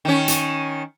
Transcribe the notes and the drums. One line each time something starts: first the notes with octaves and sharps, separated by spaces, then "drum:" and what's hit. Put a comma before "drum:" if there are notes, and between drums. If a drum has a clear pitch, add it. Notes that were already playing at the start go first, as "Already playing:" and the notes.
D#3 C#4
drum: hi-hat